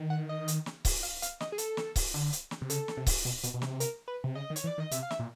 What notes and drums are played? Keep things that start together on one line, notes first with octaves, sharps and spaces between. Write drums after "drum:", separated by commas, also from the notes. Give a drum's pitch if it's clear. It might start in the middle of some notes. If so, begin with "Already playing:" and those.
Already playing: D#3
F#5
D#5
drum: hi-hat
drum: snare
drum: kick C#1, open hi-hat
F5
F5, drum: hi-hat
D#5, drum: snare
G#4
A4, drum: hi-hat
drum: snare
drum: kick C#1, open hi-hat
D3
drum: hi-hat
drum: snare
C3
C#3 A4, drum: hi-hat
drum: snare
C3
drum: kick C#1, open hi-hat
B2
B2, drum: hi-hat
B2
C3, drum: snare
A#4, drum: hi-hat
B4
C3
C#3 D#5
D#3
C#5, drum: hi-hat
E3
D5
D#3 D#5
C3 E5, drum: hi-hat
F5
E5, drum: snare
A#2